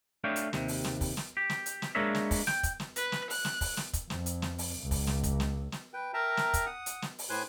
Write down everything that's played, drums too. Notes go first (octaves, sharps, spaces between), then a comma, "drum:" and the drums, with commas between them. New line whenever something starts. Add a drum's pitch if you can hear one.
A3 D4 C#5 F5 G5
drum: hi-hat
D#2 C3, drum: snare
drum: open hi-hat
drum: snare
drum: kick, open hi-hat
drum: snare
G4
drum: snare
drum: hi-hat
drum: snare
G#3 A#3 D4 A#4 C#5 E5
drum: snare
drum: kick, open hi-hat
G5, drum: snare
drum: kick, hi-hat
drum: snare
B4, drum: hi-hat
drum: snare
F#6, drum: open hi-hat
drum: snare
drum: kick, open hi-hat
drum: snare
drum: kick, hi-hat
F2, drum: snare
drum: hi-hat
drum: snare
drum: open hi-hat
C#2
drum: kick, open hi-hat
drum: snare
drum: kick, hi-hat
drum: snare
drum: snare
B4 G5
A#4 E5 G5 A5 A#5
drum: snare
drum: kick, hi-hat
F#5 D#6
drum: hi-hat
drum: snare
drum: open hi-hat
A2 B4 C5 G#5 F#6 G6